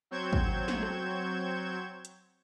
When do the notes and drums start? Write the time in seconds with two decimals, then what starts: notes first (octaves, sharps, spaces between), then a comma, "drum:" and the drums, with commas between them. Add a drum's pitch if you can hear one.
0.11 F#3 C4 C#6 G6 G#6 E7
0.33 drum: kick
0.68 drum: snare
0.83 drum: rim click
2.05 drum: hi-hat